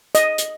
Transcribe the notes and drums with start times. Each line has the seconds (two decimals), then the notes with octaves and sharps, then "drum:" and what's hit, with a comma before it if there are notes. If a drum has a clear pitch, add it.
0.15 D#5, drum: hi-hat
0.38 drum: hi-hat